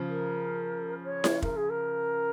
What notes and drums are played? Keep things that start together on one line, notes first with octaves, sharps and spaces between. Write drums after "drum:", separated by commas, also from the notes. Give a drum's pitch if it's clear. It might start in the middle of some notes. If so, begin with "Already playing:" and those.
Already playing: C#3 F3
A#4
C#5
drum: snare E4
A#4, drum: kick
G#4
A#4